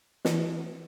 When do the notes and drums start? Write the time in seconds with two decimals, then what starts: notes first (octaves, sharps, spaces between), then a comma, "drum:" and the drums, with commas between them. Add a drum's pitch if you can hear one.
0.25 E3, drum: snare